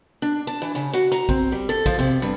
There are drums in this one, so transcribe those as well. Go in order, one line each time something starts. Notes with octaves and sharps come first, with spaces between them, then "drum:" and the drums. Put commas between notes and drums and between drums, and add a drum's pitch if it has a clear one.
D4
A5
E3
C#3
F#4, drum: hi-hat
A#5, drum: hi-hat
C4, drum: kick
G3
A4
F3, drum: kick, hi-hat
C3
G2